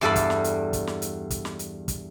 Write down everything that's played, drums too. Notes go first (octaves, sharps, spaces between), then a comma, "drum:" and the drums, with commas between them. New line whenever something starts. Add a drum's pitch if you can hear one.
E2 G2 G3 A4 D5 B5
drum: kick, hi-hat
drum: snare
drum: hi-hat
drum: kick, hi-hat
drum: snare
drum: hi-hat
drum: kick, hi-hat
drum: snare
drum: hi-hat
drum: kick, hi-hat